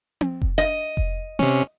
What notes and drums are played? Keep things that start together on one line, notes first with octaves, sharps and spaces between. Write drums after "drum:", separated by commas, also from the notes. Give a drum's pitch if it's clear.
drum: tom C4
drum: kick F1
D#5, drum: hi-hat
drum: kick F1
C3 C#4, drum: snare